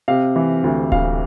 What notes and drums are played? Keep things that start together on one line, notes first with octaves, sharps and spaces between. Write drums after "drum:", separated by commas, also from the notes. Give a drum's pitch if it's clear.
C3 F5
E3
D2
D2 F5, drum: kick D1